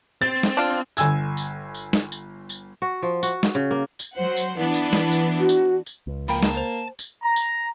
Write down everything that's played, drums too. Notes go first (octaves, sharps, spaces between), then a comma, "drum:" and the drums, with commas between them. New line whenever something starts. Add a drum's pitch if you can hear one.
C4 A6
drum: snare
D4 F4
G1 G#5 E6 G#6, drum: tambourine
drum: tambourine
drum: tambourine
drum: snare
drum: tambourine
drum: tambourine
F#4
F3
F#4, drum: tambourine
drum: snare
C#3
A#3
drum: tambourine
F#3 C5 F#5
drum: tambourine
E3 B3 D4
drum: tambourine
drum: snare
drum: tambourine
F#4
drum: tambourine
drum: tambourine
C#2
F3 A#3 G5 A#5 B5
A5, drum: snare
C5 F7
drum: tambourine
A#5
drum: tambourine